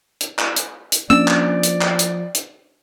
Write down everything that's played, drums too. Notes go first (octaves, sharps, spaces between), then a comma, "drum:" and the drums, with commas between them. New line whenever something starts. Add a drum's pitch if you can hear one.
drum: hi-hat
drum: clap
drum: hi-hat
drum: hi-hat
F3 A#3 C#4 D4 D5 E6
drum: clap
drum: hi-hat
drum: clap
drum: hi-hat
drum: hi-hat